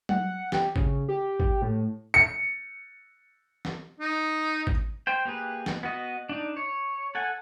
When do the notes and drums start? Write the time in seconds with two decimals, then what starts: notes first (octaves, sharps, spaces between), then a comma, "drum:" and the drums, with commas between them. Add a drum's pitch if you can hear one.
0.09 F#5, drum: tom F#3
0.52 G4, drum: snare
0.76 C#3, drum: kick G#1
1.09 G4
1.40 drum: kick G#1
1.62 A2
2.14 C#7
3.65 drum: snare
4.00 D#4
4.67 drum: kick G#1
5.07 C5 G5
5.25 A#3 G4 G#4 B4
5.66 drum: snare
5.83 B3 F#4 D#5
6.29 D4 D#4
6.57 C#5
7.15 A4 F#5 G#5